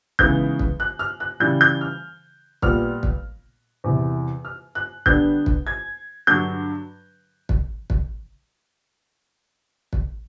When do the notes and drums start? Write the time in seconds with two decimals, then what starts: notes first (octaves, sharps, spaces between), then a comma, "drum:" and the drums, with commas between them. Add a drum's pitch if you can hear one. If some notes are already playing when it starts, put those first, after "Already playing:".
0.19 C#3 E3 G#3 B3 D#4 G6, drum: kick
0.59 drum: kick
0.80 F#6
0.99 F6
1.20 F#6
1.40 C#3 E3 G3 G6
1.61 G6
1.81 F6
2.62 A#2 G3 B3 F6, drum: kick
3.03 drum: kick
3.84 E2 C3 E3
4.45 F6
4.75 F#6
5.06 D3 G3 B3 D4 G6, drum: kick
5.46 drum: kick
5.67 G#6
6.27 G2 D3 F#3 G6
7.49 drum: kick
7.90 drum: kick
9.93 drum: kick